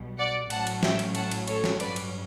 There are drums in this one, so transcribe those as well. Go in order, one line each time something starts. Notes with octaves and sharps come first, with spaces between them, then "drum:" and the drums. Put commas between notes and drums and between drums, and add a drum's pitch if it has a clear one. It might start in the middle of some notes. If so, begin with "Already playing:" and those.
Already playing: B1 B2 G3
D5 F#5
A1 A2 F#3 C#4 F#5 A5, drum: cymbal
drum: cymbal
E5 G5, drum: snare
drum: cymbal
F#5 A5, drum: cymbal
drum: cymbal
A4 C#5, drum: cymbal
drum: snare
G2 F#3 C#4 B4 D5, drum: cymbal
drum: cymbal